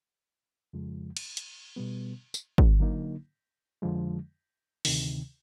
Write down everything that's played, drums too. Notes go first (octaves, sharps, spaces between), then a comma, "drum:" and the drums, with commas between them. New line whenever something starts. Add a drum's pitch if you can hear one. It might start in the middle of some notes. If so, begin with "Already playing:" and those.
F2 C#3 F3 G#3
drum: cymbal
drum: hi-hat
B2 G3 B3
drum: tambourine
drum: kick
D3 F#3 A#3 D#4
F2 D3 F3 G#3
D2 C3 D#3, drum: open hi-hat